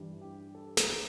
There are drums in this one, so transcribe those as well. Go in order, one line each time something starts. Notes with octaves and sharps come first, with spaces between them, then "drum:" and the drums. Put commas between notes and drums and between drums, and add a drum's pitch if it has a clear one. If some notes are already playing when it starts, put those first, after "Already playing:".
Already playing: G2 E3 G3
G4
A4
A#4, drum: snare